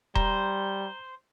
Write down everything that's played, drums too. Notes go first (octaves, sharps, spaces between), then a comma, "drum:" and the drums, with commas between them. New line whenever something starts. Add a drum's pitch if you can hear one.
G3 C5 A#5, drum: kick D#1